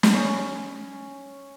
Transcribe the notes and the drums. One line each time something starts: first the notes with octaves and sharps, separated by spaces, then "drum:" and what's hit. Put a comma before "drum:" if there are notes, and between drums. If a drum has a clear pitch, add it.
drum: snare
C#4